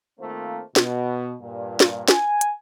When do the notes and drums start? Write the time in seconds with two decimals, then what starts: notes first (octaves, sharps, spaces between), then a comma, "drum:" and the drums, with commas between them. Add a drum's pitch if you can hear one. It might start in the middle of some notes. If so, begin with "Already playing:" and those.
0.20 D#3 A3 A#3 C4 F4 C5
0.76 B2, drum: snare
1.41 G2 A#2
1.80 drum: snare
2.08 G#5, drum: snare
2.41 drum: hi-hat